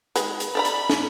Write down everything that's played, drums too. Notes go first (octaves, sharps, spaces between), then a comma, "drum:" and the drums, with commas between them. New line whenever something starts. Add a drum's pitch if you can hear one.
D#3 G#3 B4, drum: hi-hat
drum: hi-hat
A4 D5 A#5 B5
drum: hi-hat
drum: snare